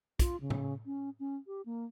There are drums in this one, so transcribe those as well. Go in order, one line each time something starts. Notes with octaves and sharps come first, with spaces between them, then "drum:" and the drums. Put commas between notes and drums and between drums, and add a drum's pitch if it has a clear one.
F4, drum: kick, hi-hat
C#3
drum: tom
C#4
C#4
G4
A#3